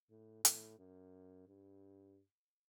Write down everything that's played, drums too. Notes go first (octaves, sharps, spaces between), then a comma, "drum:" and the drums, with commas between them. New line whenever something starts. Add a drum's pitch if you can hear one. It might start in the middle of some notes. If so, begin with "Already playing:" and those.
A2
A2, drum: hi-hat
F#2
G2